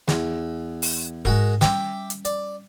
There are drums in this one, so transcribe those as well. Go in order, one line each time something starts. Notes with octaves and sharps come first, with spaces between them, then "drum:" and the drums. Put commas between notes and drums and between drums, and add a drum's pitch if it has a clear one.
E2, drum: snare
drum: open hi-hat
G#2 G#3 F#4 A#4, drum: kick E1
G3 C#4 E5 G5 D6, drum: snare
drum: hi-hat
D5, drum: hi-hat